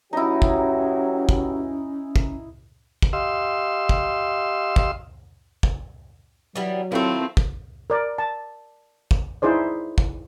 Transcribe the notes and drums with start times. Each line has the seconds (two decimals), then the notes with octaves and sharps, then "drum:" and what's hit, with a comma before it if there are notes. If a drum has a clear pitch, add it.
0.13 A1 F#3 C#4 D#4 E4 G4
0.42 drum: kick
1.29 drum: kick
2.16 drum: kick
3.02 drum: kick
3.13 G4 D#5 F5 C6 E6
3.89 drum: kick
4.76 drum: kick
5.63 drum: kick
6.56 E3 F#3 G3 B3
6.92 D#3 A3 C4 E4 F4 A4
7.37 drum: kick
7.90 A#4 D5
8.18 A5
9.11 drum: kick
9.42 D#4 E4 G#4 C5 D5
9.98 drum: kick